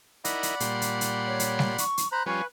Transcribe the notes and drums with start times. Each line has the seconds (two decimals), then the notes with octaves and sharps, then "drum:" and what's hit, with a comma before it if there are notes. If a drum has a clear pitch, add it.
0.25 D#4 E4 A#4 D5 F#5 B5, drum: hi-hat
0.43 drum: hi-hat
0.60 A#2 G3 C6, drum: hi-hat
0.82 drum: hi-hat
1.01 drum: hi-hat
1.26 C#5
1.40 drum: hi-hat
1.59 drum: snare G3
1.78 C#6, drum: hi-hat
1.98 drum: hi-hat
2.12 C5 A#5 B5 F#6
2.26 F3 G3 C#4 B4 F5 G#5 C#6